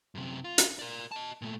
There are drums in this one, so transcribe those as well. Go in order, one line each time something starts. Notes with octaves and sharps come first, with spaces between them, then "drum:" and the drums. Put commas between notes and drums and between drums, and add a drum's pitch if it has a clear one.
F#2 C3
F4
drum: hi-hat
A#4 D5
D#5 A5
A#2 A3